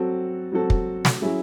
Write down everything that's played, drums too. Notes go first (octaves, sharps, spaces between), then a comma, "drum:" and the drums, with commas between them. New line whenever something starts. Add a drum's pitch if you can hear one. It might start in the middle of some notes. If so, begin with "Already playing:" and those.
Already playing: F#3 C4 F#4 A4
F#3 C4 F#4 A4
drum: kick
drum: snare
F#3 C#4 E4 G#4